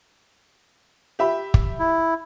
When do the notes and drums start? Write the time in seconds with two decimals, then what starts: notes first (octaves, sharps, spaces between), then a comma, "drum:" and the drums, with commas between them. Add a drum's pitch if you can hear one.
1.19 G4 E5 B5
1.54 drum: kick
1.79 E4